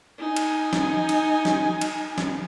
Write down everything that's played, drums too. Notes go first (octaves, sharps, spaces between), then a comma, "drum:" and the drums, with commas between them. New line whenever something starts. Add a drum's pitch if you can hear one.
D#4 G#5
drum: cymbal
drum: snare
drum: cymbal
drum: snare
drum: cymbal
drum: snare